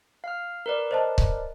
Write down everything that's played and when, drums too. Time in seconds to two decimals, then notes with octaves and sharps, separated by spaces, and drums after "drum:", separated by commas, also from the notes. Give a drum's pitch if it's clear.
0.24 F5 F6
0.66 A#4 B4 D5
0.91 C5 D#5 A5
1.18 drum: kick C#1